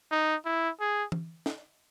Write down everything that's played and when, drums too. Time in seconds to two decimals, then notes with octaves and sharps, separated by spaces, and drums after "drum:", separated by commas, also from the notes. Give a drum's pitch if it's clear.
0.11 D#4
0.45 E4
0.80 G#4
1.12 drum: tom
1.46 drum: snare